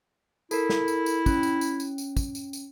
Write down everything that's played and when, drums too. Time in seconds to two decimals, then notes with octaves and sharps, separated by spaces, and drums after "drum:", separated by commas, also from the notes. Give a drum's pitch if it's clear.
0.51 E4 A4 A#4, drum: tambourine
0.69 drum: snare
0.88 drum: tambourine
1.06 drum: tambourine
1.26 C#4, drum: kick, tambourine
1.43 drum: tambourine
1.61 drum: tambourine
1.80 drum: tambourine
1.98 drum: tambourine
2.17 drum: kick, tambourine
2.35 drum: tambourine
2.53 drum: tambourine